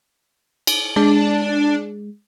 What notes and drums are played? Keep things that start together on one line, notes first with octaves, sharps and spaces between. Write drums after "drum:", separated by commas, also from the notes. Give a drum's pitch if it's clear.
drum: cymbal
G#3 D4